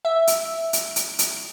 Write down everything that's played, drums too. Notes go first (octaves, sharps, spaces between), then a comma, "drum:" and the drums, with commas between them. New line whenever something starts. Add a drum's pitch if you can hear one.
E5
drum: hi-hat
drum: hi-hat
drum: hi-hat
drum: hi-hat